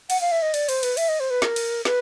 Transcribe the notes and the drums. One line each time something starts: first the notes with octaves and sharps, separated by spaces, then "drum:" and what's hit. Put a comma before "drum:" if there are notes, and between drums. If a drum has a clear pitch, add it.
F#5, drum: cymbal
F5
E5
D#5
D5, drum: cymbal
C5, drum: cymbal
B4, drum: cymbal
E5, drum: cymbal
D#5
C5
B4
A#4, drum: snare
drum: cymbal
B4, drum: snare